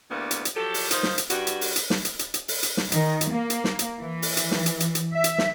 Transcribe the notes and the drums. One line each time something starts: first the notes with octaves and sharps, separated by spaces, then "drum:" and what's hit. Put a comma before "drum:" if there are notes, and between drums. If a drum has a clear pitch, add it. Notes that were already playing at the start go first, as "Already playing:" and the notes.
D2 E3 G3 A#3 B3
drum: hi-hat
drum: hi-hat
F3 F#3 G4 A4
drum: open hi-hat
D#3 F3 D#4 F4 C5, drum: hi-hat
drum: snare
drum: hi-hat
G2 G3 F#4, drum: hi-hat
drum: hi-hat
drum: open hi-hat
drum: hi-hat
drum: snare
drum: hi-hat
drum: hi-hat
drum: hi-hat
drum: open hi-hat
drum: hi-hat
drum: snare
D#3, drum: hi-hat
drum: hi-hat
A#3
drum: hi-hat
drum: snare
drum: hi-hat
E3
drum: open hi-hat
drum: hi-hat
drum: snare
drum: hi-hat
drum: hi-hat
drum: hi-hat
E5
drum: hi-hat
drum: snare